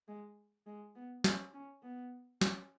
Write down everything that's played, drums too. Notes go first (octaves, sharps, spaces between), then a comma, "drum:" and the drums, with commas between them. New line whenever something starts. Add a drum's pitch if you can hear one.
G#3
G#3
B3
C#4, drum: snare
C#4
B3
C#4, drum: snare